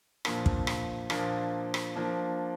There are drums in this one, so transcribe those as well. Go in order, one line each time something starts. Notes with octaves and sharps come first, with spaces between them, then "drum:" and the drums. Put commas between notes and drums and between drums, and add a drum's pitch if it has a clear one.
A#2 F3 A#3 D4, drum: rim click
drum: kick
drum: rim click
A#2 F3 A#3 D4, drum: rim click
drum: rim click
F3 A#3 D4